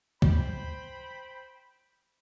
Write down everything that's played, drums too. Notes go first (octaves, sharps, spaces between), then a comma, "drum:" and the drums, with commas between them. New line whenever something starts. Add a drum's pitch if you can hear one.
C5 G5 B5, drum: kick C#2